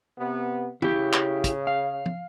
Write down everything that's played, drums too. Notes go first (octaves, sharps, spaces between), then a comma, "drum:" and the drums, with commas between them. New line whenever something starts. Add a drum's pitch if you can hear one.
C3 B3
C#3 E4 G4, drum: tom
drum: clap
drum: kick, hi-hat
F5
drum: tom